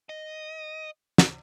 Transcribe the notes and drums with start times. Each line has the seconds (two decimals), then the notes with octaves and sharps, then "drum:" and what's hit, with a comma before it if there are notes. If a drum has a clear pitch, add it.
0.09 D#5
1.18 drum: snare